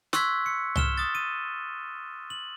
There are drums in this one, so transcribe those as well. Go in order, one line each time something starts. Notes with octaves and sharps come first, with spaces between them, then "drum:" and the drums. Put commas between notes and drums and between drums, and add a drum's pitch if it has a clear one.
C6 C#6 E6 F#6 G#6 B6, drum: snare
C#7
F6 E7 G7, drum: tom C2
D#6 A6
D#7
F#7